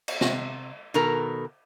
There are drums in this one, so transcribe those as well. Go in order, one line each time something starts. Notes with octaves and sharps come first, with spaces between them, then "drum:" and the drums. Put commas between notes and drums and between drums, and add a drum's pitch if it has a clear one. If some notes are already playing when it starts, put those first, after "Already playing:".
drum: cymbal
C3, drum: snare
B2 D#3 A4 A#4 A#5